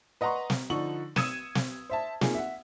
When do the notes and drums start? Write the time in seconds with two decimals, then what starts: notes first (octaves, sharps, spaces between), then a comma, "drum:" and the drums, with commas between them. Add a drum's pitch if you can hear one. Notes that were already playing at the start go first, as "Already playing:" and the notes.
0.21 B4 D#5 F#5 A#5 C6 C#6
0.50 drum: snare
0.70 D3 F3 D#4 C#6 F#7
1.16 D#6 E6 G#6 C#7 D#7 E7, drum: snare
1.55 drum: snare
1.90 C5 E5 A5
2.21 A#3 D#4 F4 G#4, drum: snare
2.35 E5 F#5